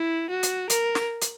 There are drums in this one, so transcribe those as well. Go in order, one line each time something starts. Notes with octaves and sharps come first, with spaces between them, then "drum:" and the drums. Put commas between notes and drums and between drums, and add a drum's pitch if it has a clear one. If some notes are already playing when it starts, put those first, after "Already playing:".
Already playing: E4
F#4
drum: hi-hat
A#4, drum: hi-hat
drum: snare
drum: hi-hat